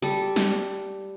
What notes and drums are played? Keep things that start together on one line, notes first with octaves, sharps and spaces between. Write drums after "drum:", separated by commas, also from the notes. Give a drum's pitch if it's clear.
G3 A4
drum: snare